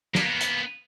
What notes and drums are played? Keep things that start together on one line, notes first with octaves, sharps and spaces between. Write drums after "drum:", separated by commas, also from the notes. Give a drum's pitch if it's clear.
A#3 B3, drum: snare
drum: hi-hat